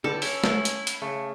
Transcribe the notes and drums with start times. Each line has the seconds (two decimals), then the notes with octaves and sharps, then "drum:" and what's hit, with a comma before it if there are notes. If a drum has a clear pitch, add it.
0.04 C#2 D3 G3 A4
0.22 C#4 E4, drum: open hi-hat
0.44 drum: snare
0.65 drum: hi-hat
0.87 drum: hi-hat
1.02 C#3 A3